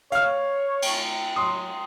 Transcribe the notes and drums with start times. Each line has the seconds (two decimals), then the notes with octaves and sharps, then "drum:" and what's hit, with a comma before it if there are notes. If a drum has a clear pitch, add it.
0.12 C#5 F5 F6, drum: hi-hat
0.82 drum: cymbal
1.36 F#3 C6 D#6